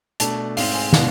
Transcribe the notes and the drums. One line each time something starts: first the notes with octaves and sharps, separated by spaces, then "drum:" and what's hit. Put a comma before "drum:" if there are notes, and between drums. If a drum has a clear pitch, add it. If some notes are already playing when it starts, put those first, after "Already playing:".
B2 A3 D4 A5, drum: hi-hat
G#2 G#3 C4 F5, drum: open hi-hat
G#5
B2 G#3 B3 D4 F5, drum: snare